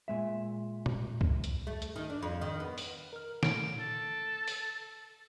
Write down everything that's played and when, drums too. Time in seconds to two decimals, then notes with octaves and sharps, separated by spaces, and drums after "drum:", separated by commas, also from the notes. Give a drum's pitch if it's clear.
0.08 A#2 G#3 E5
0.86 drum: tom A#2
1.21 drum: kick
1.44 drum: hi-hat
1.67 A3
1.82 drum: hi-hat
1.96 D#3
2.10 D4
2.22 F2
2.41 D#3
2.60 B3
2.78 drum: open hi-hat
3.13 A#4 F6
3.43 A#2 A3 D7, drum: snare
3.80 A4
4.48 drum: open hi-hat